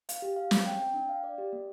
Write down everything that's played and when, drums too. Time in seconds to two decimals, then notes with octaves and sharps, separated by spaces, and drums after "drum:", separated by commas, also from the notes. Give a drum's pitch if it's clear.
0.09 F5, drum: hi-hat
0.22 G4
0.36 F5
0.51 C4, drum: snare
0.66 G5
0.80 G5
0.94 D4
1.09 F5
1.24 D5
1.38 G4
1.53 A#3